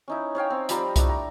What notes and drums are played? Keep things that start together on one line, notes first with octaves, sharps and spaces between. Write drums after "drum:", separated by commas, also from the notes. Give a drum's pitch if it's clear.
C#4 D#4 E4
C#4 C#5 F5 G5
C4
F3 G3 A#5 B5, drum: hi-hat
A3 D4 E4, drum: kick C2, hi-hat
A#5